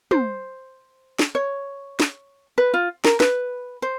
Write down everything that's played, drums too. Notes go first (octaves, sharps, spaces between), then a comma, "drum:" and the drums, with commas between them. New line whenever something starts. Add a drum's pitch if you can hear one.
C5, drum: tom
drum: snare
C#5
drum: snare
B4
F4
A#4, drum: snare
B4, drum: snare
C5